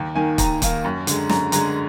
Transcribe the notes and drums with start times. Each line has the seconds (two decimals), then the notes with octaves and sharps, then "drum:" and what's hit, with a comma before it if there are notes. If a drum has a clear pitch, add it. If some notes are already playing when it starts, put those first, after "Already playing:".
Already playing: D#2
0.15 D#3 A#3 G#5
0.38 D#2 A#5, drum: kick, hi-hat
0.62 D#3 A#3, drum: kick, hi-hat
0.84 F#2
1.07 D3 G#3, drum: hi-hat
1.29 F#2 A#5, drum: snare
1.52 D3 G#3 A#5, drum: hi-hat